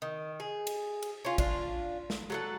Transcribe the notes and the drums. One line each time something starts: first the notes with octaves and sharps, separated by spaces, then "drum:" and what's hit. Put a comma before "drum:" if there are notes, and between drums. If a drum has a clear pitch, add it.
D#3
G#4
drum: cymbal
drum: cymbal
C#4 F4
D4 F4, drum: kick, cymbal
drum: snare
F#3 A4 F#5